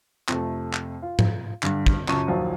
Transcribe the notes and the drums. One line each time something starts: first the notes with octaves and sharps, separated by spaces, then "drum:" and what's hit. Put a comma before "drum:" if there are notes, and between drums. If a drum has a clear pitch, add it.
F2 C3 A3, drum: clap
drum: clap
F4
drum: tom G#2
G2 D3, drum: clap
drum: kick
C#2 F#2 A5 C#6 D#7, drum: clap
A#1 D#2 F3 F#3